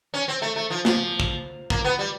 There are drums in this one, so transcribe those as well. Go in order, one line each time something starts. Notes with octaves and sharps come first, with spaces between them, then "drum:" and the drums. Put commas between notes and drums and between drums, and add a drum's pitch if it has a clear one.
C#4
C4
A3
A3
F3
F3, drum: snare
drum: kick
A#3, drum: kick
B3
G3